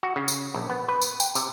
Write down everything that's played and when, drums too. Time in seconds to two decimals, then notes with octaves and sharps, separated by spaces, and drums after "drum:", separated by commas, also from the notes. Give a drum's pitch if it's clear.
0.03 F#4
0.16 C#3
0.28 drum: tambourine
0.54 A#1
0.70 B3
0.88 B4
1.01 drum: tambourine
1.20 G5, drum: tambourine
1.35 C3, drum: tambourine